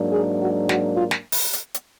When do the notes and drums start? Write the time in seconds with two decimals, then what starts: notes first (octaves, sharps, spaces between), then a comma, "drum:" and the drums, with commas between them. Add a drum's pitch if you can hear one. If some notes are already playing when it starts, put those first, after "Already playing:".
Already playing: G#2 F#3 A#3 D4
0.13 G#4
0.41 F#4
0.69 F#4, drum: snare
0.97 F4
1.11 drum: snare
1.32 drum: open hi-hat
1.53 drum: hi-hat
1.74 drum: hi-hat